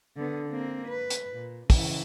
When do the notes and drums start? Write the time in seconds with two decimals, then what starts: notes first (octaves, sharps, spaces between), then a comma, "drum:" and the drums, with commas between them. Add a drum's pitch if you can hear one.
0.17 D3 B3
0.50 A#3 C4
0.88 B4
1.10 drum: hi-hat
1.32 A#2
1.70 C#3 E3, drum: kick, open hi-hat